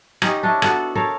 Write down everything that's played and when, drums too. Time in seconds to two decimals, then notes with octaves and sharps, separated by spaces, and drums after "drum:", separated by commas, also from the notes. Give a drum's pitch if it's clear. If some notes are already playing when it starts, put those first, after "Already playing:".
0.22 C#4 D#4 G4 D#5, drum: rim click
0.43 D4 E4 C#5 D#5
0.62 B3 F#4 A4, drum: rim click
0.95 A4 A#4 C#5 F5